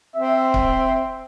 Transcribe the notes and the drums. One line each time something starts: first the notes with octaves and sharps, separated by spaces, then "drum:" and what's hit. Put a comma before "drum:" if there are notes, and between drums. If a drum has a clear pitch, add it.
C4 E5
drum: kick